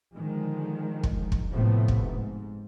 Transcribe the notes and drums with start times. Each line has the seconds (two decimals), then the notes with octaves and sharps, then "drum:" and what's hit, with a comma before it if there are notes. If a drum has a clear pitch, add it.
0.16 D3 D#3 F3 G#3
1.03 drum: kick
1.32 drum: kick
1.51 A2 C3 F3 A3 B3
1.88 drum: kick
2.02 G#2